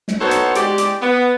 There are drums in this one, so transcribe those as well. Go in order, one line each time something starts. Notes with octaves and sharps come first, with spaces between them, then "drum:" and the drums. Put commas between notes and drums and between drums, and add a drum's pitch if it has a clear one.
drum: snare
B3 D#4 F#4 A4 C5 C#5
drum: hi-hat
G#3 G4 D5, drum: hi-hat
drum: hi-hat
B3